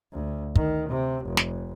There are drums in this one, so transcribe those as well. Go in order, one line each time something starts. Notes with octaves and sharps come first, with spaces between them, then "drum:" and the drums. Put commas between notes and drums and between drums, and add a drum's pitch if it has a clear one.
D2
D#3, drum: kick
C3
F1
drum: snare